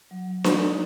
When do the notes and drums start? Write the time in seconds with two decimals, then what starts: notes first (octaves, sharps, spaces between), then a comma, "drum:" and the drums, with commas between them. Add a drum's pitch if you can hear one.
0.11 F#3
0.27 F#3
0.44 F#3, drum: snare D4
0.61 D#4